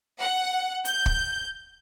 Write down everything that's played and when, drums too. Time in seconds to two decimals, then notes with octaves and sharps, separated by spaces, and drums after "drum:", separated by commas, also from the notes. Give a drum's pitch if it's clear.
0.19 F#5
0.85 G6, drum: hi-hat
1.06 drum: kick